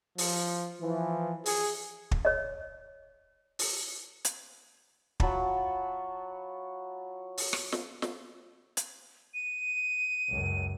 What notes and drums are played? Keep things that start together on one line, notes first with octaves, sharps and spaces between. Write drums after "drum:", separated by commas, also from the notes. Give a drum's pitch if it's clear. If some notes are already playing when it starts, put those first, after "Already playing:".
F3, drum: open hi-hat
E3 F3
G#4, drum: open hi-hat
drum: kick
C#5 D#5
drum: open hi-hat
drum: hi-hat
F#3 F4 A5 B5, drum: kick
drum: open hi-hat
drum: rim click
drum: snare
drum: snare
drum: hi-hat
D#7
C#2 F#2